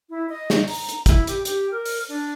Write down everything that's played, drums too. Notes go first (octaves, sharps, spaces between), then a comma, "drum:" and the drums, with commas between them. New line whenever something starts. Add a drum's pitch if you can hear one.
E4
D#5
drum: snare
A#5, drum: open hi-hat
drum: hi-hat
E4, drum: kick, hi-hat
G4, drum: hi-hat
G4, drum: hi-hat
A#4
drum: open hi-hat
D4